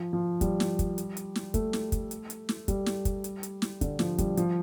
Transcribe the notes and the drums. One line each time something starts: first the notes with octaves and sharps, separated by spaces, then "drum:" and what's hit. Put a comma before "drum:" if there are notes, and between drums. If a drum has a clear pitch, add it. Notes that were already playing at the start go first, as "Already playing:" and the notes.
Already playing: F3
F3
G3, drum: kick, hi-hat
drum: snare
drum: kick, hi-hat
drum: hi-hat
drum: hi-hat
drum: snare
A3, drum: kick, hi-hat
drum: snare
drum: kick, hi-hat
drum: hi-hat
drum: hi-hat
drum: snare
G3, drum: kick, hi-hat
drum: snare
drum: kick, hi-hat
drum: hi-hat
drum: hi-hat
drum: snare
D3, drum: kick, hi-hat
F3, drum: snare
G3, drum: kick, hi-hat
F3, drum: hi-hat